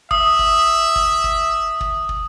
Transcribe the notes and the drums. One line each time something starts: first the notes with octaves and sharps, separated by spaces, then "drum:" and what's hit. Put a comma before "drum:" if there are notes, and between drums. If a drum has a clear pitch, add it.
E5 D#6, drum: kick
drum: kick
drum: kick
drum: kick
drum: kick
drum: kick